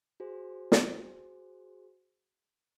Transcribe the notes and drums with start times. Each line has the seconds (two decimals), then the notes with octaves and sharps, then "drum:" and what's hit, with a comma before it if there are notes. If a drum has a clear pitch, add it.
0.20 F#4 G#4 C5
0.72 drum: snare